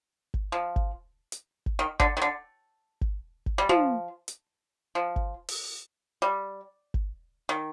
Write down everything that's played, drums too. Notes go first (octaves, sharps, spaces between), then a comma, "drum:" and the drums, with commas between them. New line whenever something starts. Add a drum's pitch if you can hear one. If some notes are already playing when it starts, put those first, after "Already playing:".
drum: kick G#1
F3
drum: kick G#1
drum: hi-hat
drum: kick G#1
D#3
D3, drum: kick G#1
D#3
D3
drum: kick G#1
drum: kick G#1
G3
F3, drum: tom
drum: hi-hat
F3
drum: kick G#1
drum: open hi-hat
G3
drum: kick G#1
D#3